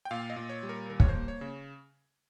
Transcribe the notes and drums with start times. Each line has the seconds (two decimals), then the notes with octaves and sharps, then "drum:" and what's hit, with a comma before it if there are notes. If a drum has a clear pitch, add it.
0.05 G5
0.11 A#2 F5
0.30 D#5
0.36 A#2
0.49 C#5
0.63 G3
0.69 A#4
0.89 D#2 A#4
1.00 C#5, drum: kick
1.08 C5
1.15 A#3
1.28 C#5
1.41 C#3